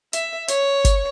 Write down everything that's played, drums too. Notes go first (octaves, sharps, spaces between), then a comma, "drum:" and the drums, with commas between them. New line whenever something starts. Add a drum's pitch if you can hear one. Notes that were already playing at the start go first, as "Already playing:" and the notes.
E5, drum: hi-hat
C#5, drum: hi-hat
drum: kick G1, hi-hat